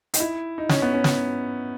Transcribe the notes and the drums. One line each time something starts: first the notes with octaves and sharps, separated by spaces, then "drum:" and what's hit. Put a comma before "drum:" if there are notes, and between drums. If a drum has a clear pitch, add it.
D#4, drum: hi-hat
E4
D#4
C#4, drum: snare
B3
C#4
drum: snare